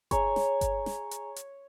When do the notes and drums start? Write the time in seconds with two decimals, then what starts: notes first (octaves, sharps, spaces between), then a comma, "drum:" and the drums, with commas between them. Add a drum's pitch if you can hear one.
0.11 G#4 C#5 G#5 A#5, drum: kick G1, hi-hat
0.36 drum: snare
0.61 drum: kick G1, hi-hat
0.86 drum: snare
1.11 drum: hi-hat
1.36 drum: hi-hat